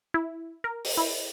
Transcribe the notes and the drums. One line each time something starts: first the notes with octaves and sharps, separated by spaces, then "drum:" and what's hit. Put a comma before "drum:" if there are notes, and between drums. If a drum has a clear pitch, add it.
E4
A#4
drum: open hi-hat
E4